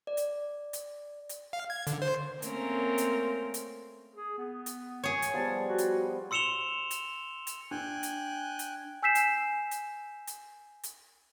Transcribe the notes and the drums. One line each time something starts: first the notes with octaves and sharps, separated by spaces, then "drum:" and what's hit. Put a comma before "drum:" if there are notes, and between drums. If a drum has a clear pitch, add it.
D5
drum: hi-hat
drum: hi-hat
drum: hi-hat
F5
G#6
D3, drum: hi-hat
C5
A3 A#3 C4 C#4 A#4, drum: hi-hat
drum: hi-hat
drum: hi-hat
G#4
B3
drum: hi-hat
G#4 C#5
drum: hi-hat
F3 G3 B3 A5
F#4
drum: hi-hat
C6 E6 C#7 E7 F7 G7
drum: hi-hat
drum: hi-hat
D4 G5 G#5 F#6
drum: hi-hat
drum: hi-hat
G#5 E6 G6 B6 C7 E7
drum: hi-hat
drum: hi-hat
drum: hi-hat
drum: hi-hat